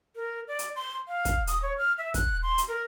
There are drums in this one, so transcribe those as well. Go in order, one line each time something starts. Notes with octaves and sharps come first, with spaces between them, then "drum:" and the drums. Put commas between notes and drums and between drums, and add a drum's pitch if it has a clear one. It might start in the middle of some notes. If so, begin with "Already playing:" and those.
A#4
D5
drum: hi-hat
C6
F5
drum: kick, hi-hat
D#6, drum: hi-hat
C#5
F6
E5
F#6, drum: kick, hi-hat
C6
drum: hi-hat
A#4